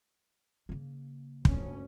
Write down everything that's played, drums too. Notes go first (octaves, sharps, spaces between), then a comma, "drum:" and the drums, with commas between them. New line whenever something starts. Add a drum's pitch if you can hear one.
C#3 A#3
G1 D2 C#4, drum: kick